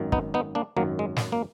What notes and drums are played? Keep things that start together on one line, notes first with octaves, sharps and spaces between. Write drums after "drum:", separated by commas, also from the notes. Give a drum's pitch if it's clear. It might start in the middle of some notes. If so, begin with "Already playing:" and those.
Already playing: G#1 F#2 D#3
B3 D#4, drum: kick
B3 D#4
A#3 D4
G#1 F#2 D#3 F#3 A#3
G#3
drum: snare
A#3